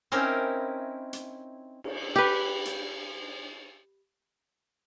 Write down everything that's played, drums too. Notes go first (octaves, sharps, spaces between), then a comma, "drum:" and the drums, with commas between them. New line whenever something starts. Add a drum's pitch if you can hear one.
C4 C#4 D#4 E4 A#4
drum: hi-hat
drum: cymbal
G4 B4
drum: hi-hat